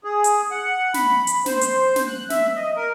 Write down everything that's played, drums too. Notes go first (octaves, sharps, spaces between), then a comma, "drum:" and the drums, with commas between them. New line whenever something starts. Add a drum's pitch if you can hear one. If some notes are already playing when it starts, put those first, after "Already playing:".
G#4
drum: hi-hat
F#5
B5, drum: snare
drum: hi-hat
C5, drum: snare
drum: hi-hat
drum: snare
F#6
E5, drum: snare
D#5
A#4